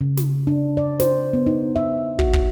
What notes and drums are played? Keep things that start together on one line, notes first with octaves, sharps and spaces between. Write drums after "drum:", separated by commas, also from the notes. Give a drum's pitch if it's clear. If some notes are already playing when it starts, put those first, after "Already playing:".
C#3
drum: snare
D4
D5
C5, drum: snare
B3
D#4
E5
F#4, drum: kick
drum: kick